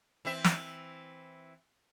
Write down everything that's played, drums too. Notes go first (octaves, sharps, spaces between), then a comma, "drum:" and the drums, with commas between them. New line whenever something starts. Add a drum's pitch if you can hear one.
E3 C4 E5
drum: snare